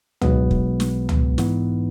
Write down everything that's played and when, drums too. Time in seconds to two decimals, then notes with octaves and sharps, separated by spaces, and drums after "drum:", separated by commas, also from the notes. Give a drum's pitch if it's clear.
0.22 B1 B2 G#3 B3, drum: tom C#2
0.51 drum: kick
0.80 drum: snare
1.09 drum: tom C#2
1.38 G#2 E3 B3 D#4, drum: snare